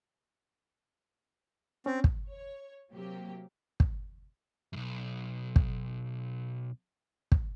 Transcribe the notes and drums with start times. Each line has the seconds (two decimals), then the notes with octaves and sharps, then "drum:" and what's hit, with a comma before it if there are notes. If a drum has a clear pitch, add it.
1.86 C4 C#4
2.04 drum: kick
2.31 C#5
2.92 C3 F#3 A#3 G4
3.80 drum: kick
4.73 B1 F#2
5.56 drum: kick
7.32 drum: kick